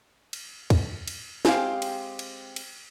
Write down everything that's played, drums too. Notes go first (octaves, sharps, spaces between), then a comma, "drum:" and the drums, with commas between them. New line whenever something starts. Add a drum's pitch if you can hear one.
drum: cymbal
drum: kick, cymbal
drum: cymbal
G#3 C4 G4 F5, drum: snare
drum: cymbal
drum: cymbal
drum: cymbal